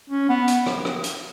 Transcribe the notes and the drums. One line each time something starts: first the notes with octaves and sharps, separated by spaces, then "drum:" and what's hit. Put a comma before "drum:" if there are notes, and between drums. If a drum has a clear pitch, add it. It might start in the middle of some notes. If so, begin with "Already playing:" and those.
C#4
B3
drum: hi-hat
drum: rim click
drum: rim click
drum: hi-hat